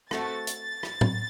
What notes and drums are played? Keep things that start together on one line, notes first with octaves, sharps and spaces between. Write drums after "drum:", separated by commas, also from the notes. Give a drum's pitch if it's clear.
A3 C4 F#4 A4 A6, drum: rim click
drum: hi-hat
drum: rim click
drum: tom A2